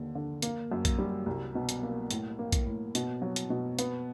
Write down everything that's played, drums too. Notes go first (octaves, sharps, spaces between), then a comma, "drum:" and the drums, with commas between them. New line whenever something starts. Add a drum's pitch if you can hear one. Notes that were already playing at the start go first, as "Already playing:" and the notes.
Already playing: D#2 D3
D3
A#3, drum: hi-hat
F#2
drum: kick A#1, hi-hat
G3
C2
B2
drum: hi-hat
A#3
A2, drum: hi-hat
A#3
drum: kick A#1, hi-hat
A2
B2, drum: hi-hat
F#3
drum: hi-hat
B2
B3, drum: hi-hat